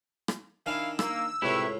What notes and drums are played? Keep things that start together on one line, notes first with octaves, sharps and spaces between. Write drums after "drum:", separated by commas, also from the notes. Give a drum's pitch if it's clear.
drum: rim click
D#3 D4 E4 F5 G#5
A#3 E6, drum: rim click
C#2 A2 C3 E4 G4 B4 C#5